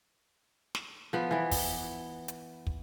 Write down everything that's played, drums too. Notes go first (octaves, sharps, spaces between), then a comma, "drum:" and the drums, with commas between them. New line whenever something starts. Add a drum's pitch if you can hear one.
drum: snare
F3 B3
E3 B3
drum: kick, open hi-hat
drum: hi-hat
drum: kick